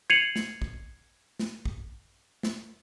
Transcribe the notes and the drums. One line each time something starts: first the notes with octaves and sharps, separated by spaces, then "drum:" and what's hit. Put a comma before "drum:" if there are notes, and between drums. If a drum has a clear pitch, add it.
G#6 C7 C#7 D#7 F7 F#7
drum: snare
drum: kick
drum: snare
drum: kick
drum: snare